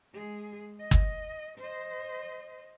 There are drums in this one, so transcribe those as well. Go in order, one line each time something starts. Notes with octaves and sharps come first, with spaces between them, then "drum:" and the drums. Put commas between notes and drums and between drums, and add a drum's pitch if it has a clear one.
G#3 G#4
D#5
drum: kick
C5 D#5